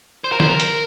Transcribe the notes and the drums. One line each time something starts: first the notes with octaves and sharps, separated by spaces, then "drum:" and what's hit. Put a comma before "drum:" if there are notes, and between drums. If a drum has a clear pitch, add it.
C5
A#4
C5, drum: snare
A#4
drum: hi-hat